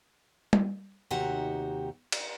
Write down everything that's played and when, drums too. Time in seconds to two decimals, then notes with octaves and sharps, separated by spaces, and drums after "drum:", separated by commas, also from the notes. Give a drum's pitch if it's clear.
0.53 drum: tom
1.11 D#2 C3 D#4 F#4 G4 F#5
2.12 drum: cymbal